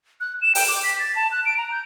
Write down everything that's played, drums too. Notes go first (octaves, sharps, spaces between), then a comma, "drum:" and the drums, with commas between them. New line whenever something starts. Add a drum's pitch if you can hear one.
F#6
E7
G5, drum: open hi-hat
D6
B6
A6
A5
F#6
D7
A#5
G6